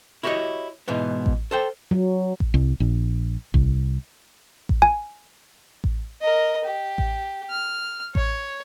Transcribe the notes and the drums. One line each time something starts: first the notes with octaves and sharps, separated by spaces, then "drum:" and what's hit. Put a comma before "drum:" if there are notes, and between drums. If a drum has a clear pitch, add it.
E4 F#4 G4 C5 C#5 D#5
G#2 B2 E3 B3
drum: kick A1
A4 C5 G5
F#3
drum: kick A1
C2
A#1
C2, drum: kick A1
drum: kick A1
G#5
drum: kick A1
A#4 D#5
G4
drum: kick A1
F6
C#5, drum: kick A1